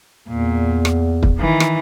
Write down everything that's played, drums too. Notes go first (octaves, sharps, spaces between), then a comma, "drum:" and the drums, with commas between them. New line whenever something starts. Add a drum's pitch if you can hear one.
E2 A#2
drum: rim click
drum: kick
D#3 E3
drum: rim click